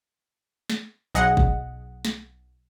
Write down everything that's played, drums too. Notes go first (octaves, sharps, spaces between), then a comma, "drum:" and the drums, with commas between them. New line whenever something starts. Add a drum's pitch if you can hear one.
drum: snare
B1 G#4 D#5 F#5
drum: kick
drum: snare